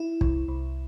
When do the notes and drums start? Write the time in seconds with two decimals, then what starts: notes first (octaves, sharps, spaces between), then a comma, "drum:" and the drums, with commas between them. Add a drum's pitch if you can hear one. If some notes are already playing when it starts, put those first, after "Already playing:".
Already playing: E4
0.21 C2, drum: kick
0.48 C2